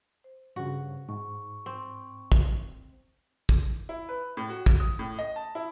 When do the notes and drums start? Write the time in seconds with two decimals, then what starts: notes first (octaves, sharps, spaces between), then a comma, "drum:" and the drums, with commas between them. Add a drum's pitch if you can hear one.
0.24 C5
0.56 G2 C#3 F#4
1.09 G#2 C#6
1.66 C4
2.32 drum: kick
3.49 drum: kick
3.89 E4
4.09 B4
4.37 A2
4.49 F#4
4.66 drum: kick
4.80 D#6
4.99 A2
5.19 D#5
5.36 A5
5.55 E4